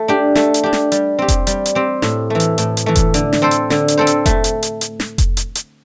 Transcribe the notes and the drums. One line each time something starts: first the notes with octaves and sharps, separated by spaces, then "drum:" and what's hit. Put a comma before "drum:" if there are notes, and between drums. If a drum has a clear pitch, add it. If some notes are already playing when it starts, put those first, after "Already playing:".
Already playing: A3
D4 G4
A3, drum: snare
drum: hi-hat
D4 G4
drum: snare
G3, drum: hi-hat
C4 G4
drum: kick F1, hi-hat
G3, drum: hi-hat
drum: hi-hat
C4 G4
A2, drum: snare
E3 A3
drum: hi-hat
A2, drum: hi-hat
drum: hi-hat
E3 A3
drum: kick F1, hi-hat
D3, drum: hi-hat
drum: snare
C4 A4 C5
drum: hi-hat
D3, drum: snare
drum: hi-hat
C4 A4 C5
drum: hi-hat
A3, drum: kick F1, hi-hat
drum: hi-hat
drum: hi-hat
drum: hi-hat
drum: snare
drum: kick F1, hi-hat
drum: hi-hat
drum: hi-hat